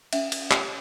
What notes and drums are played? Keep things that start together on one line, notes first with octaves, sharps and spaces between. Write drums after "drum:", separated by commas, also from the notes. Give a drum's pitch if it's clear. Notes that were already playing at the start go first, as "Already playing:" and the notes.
C#4 E5, drum: cymbal
drum: cymbal
G4 C#5, drum: clap